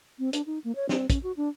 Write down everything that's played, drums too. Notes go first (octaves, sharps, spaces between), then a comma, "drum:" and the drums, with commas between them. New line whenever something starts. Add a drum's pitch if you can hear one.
C4
D4, drum: hi-hat
D#4
A#3
C#5
C4, drum: snare
C#4, drum: kick, hi-hat
F#4
D4